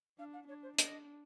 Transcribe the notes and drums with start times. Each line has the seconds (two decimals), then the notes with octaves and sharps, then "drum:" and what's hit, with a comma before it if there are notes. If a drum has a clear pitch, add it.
0.18 D4 F5
0.33 F#5
0.48 D4 C#5
0.63 C5
0.79 D4 D#5, drum: hi-hat